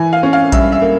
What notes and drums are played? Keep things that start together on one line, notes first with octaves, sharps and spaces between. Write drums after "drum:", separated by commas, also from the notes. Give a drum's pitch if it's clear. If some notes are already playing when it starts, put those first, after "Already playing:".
Already playing: E3 G#5
F5
C#4
F5
G2 E5, drum: kick A#1, hi-hat
E5
A#3